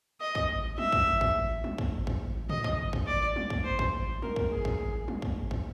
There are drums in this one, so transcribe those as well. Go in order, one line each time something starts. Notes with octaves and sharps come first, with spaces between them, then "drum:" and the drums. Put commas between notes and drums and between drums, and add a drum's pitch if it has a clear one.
D#5
drum: kick
E5, drum: tom
drum: kick
drum: kick
drum: tom
drum: kick
drum: kick
D#5, drum: tom
drum: kick
drum: kick
D5
drum: tom
drum: kick
C5
drum: kick
A#4, drum: tom
drum: kick
G#4
drum: kick
drum: tom
drum: kick
drum: kick